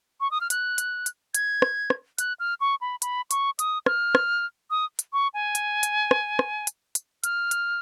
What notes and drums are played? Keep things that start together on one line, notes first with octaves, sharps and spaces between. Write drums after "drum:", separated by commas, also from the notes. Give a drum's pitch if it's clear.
C#6
D#6
F6
F#6, drum: hi-hat
drum: hi-hat
drum: hi-hat
G#6, drum: hi-hat
drum: rim click
drum: rim click
F#6, drum: hi-hat
F6
C#6
B5
B5, drum: hi-hat
C#6, drum: hi-hat
D#6, drum: hi-hat
F6, drum: rim click
drum: rim click
D#6
drum: hi-hat
C#6
G#5
drum: hi-hat
drum: hi-hat
drum: rim click
drum: rim click
drum: hi-hat
drum: hi-hat
F6, drum: hi-hat
drum: hi-hat